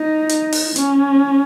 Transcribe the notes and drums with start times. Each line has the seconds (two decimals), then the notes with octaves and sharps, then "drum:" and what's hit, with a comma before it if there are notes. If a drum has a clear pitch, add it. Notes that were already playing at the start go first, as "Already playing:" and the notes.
Already playing: D#4
0.29 drum: hi-hat
0.52 drum: open hi-hat
0.76 C#4, drum: hi-hat